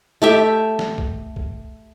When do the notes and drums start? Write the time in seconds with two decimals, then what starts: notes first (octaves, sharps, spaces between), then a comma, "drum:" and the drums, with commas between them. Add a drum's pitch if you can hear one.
0.22 A3 G4 E5
0.79 drum: snare
0.98 drum: kick
1.36 drum: kick